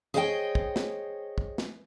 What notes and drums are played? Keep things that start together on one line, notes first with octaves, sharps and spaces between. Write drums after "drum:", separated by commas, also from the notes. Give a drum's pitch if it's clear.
G#4 C5 C#5 D#5 F#5 G5
drum: kick
drum: snare
drum: kick
drum: snare